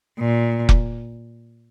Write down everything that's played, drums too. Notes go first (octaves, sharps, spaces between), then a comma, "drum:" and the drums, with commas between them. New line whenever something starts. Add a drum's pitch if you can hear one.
A#2
drum: kick F1